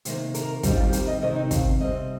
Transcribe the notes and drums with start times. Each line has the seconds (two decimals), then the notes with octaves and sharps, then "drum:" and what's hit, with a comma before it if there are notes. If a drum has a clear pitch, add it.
0.05 C3 D#3 A#3 C5, drum: hi-hat
0.34 A#4, drum: hi-hat
0.63 D#3 G3 C4 D#4, drum: kick, hi-hat
0.76 F4
0.84 G4
0.93 A#4, drum: hi-hat
1.07 D#5
1.22 C3 D#3 C4 D#5
1.36 D#4
1.51 F5, drum: kick, hi-hat
1.80 C3 G3 C4 D#5